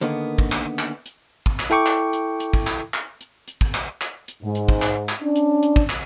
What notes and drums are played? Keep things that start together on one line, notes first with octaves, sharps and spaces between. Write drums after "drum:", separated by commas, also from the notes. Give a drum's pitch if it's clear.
D3 D#3 A#3 B3
drum: kick
drum: clap
drum: clap
drum: hi-hat
drum: kick
drum: clap
E4 A4 G5 C#6 D6
drum: clap
drum: hi-hat
drum: hi-hat
drum: kick
drum: clap
drum: clap
drum: hi-hat
drum: hi-hat
drum: kick
drum: clap
drum: clap
drum: hi-hat
G#2
drum: hi-hat
drum: kick
drum: clap
drum: clap
C#4 D4
drum: hi-hat
drum: hi-hat
drum: kick
drum: clap